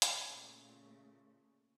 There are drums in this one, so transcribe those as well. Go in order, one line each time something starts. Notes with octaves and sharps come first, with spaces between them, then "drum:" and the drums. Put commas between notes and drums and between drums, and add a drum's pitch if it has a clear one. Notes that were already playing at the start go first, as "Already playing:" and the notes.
drum: hi-hat
A#2 C#3 A3